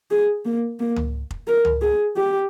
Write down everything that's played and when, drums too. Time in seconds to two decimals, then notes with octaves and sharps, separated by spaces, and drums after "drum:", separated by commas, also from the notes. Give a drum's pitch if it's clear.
0.11 G#4
0.45 A#3
0.80 A#3
0.96 drum: tom C#2
1.31 drum: kick F1
1.47 A#4
1.65 drum: tom C#2
1.82 G#4
2.16 G4